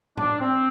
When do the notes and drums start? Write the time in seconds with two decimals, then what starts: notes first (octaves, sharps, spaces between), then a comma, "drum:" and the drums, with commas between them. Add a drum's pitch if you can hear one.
0.17 D4, drum: tom A2
0.39 C4